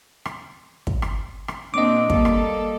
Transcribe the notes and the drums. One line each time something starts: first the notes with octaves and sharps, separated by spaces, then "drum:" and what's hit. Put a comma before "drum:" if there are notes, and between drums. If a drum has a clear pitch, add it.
drum: rim click
drum: kick
drum: rim click
drum: rim click
A#2 C4 D4 D#5 D6
G3 A#3 A4, drum: kick
drum: rim click